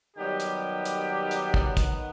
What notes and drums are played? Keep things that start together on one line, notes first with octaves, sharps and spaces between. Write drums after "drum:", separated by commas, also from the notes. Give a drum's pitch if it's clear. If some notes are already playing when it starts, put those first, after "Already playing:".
D#3 F#3 G3 B3 G4
drum: hi-hat
drum: hi-hat
drum: hi-hat
drum: kick
drum: kick, hi-hat